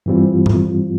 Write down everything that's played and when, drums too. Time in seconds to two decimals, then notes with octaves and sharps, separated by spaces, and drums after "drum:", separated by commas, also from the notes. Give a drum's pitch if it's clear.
0.06 G2 E3 G3 C4 F4
0.46 drum: tom G2